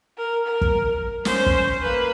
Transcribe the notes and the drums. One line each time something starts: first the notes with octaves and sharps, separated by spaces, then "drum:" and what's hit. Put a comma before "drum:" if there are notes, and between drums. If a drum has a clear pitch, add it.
A#4
A#4
drum: kick
C#4 C5, drum: snare
drum: kick
A#3 B4